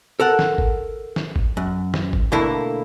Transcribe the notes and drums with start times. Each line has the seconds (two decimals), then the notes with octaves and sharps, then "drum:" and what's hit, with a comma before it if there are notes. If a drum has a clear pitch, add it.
0.20 A4 A#4 F#5
0.39 drum: snare
0.58 drum: kick G#1
1.16 drum: snare
1.36 drum: kick G#1
1.57 F#2
1.94 drum: snare
2.13 drum: kick G#1
2.32 B2 D3 A3 A#3 E4